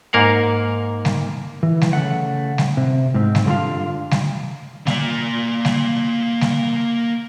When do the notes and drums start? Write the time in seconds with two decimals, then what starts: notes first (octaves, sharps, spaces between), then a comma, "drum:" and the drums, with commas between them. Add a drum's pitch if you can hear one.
0.13 G#2 A#3 A#4 F5 F#5
1.05 drum: snare G3
1.63 E3
1.81 drum: snare G3
1.93 C#3 A3 F#5
2.58 drum: snare G3
2.77 C3
3.14 G#2 C4
3.35 drum: snare G3
3.46 G2 D3 G3 D4 F4 F5
4.11 drum: snare G3
4.87 A#3 D5, drum: snare G3
5.65 drum: snare G3
6.41 drum: snare G3